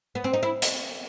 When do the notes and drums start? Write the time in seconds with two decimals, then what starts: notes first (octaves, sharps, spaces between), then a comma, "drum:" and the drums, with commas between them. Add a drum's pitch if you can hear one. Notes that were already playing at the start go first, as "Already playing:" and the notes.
0.15 B3
0.24 C4
0.33 D#4
0.43 E4
0.62 drum: hi-hat